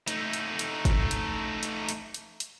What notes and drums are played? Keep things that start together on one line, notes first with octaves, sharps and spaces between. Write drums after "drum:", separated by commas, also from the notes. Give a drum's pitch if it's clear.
A3 D#4, drum: hi-hat
drum: hi-hat
drum: hi-hat
drum: kick, hi-hat
drum: hi-hat
drum: hi-hat
drum: hi-hat
drum: hi-hat
drum: hi-hat